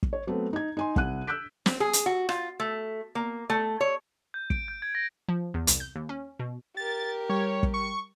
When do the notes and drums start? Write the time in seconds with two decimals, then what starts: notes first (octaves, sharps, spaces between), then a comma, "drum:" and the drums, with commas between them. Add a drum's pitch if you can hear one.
0.03 drum: kick
0.13 C#5
0.27 F#3 A3 B3 C4
0.53 D#4 G#6
0.77 D#4 G#5 C6
0.96 C2 F#5 F#6 D#7, drum: kick
1.27 E6 F#6 G6 B6 D7
1.66 C4, drum: snare
1.80 G#4
1.93 drum: hi-hat
2.06 F#4
2.29 F4, drum: rim click
2.60 A3
3.15 A#3
3.50 A3
3.81 C#5
4.34 G6
4.50 D7, drum: kick
4.68 G6
4.82 G#6
4.95 A#6
5.28 F3
5.54 E2
5.67 C2, drum: hi-hat
5.80 G6
5.95 D#2
6.09 C#4
6.40 B2
6.77 G4 A#4 A6
7.30 G3 C#5
7.63 drum: kick
7.74 C#6